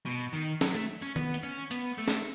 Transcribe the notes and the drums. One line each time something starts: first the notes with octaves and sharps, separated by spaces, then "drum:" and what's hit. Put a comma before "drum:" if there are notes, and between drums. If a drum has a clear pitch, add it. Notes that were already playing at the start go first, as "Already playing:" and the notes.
B2
D#3
F#3, drum: snare
A3
C#4
B3, drum: tom D#3
drum: hi-hat
C#4
B3, drum: hi-hat
A3
drum: snare